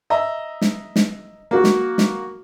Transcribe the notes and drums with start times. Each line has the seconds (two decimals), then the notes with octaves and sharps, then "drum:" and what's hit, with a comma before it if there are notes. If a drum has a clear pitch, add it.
0.10 D#5 E5 A#5
0.61 drum: snare
0.96 drum: snare
1.51 A#3 F#4
1.64 drum: snare
1.98 drum: snare